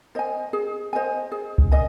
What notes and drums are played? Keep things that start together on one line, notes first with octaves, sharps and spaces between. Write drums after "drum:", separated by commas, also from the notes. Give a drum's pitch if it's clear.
C5 D#5 G#5
G#4
C5 D#5 G#5
G#4
drum: kick C2
D#5 G#5